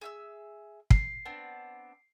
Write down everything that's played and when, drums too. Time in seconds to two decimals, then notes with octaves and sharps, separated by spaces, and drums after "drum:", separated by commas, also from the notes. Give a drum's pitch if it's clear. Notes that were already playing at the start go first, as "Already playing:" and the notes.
0.01 G#4 E5 E6
0.90 C7, drum: kick
1.25 B3 C4 D4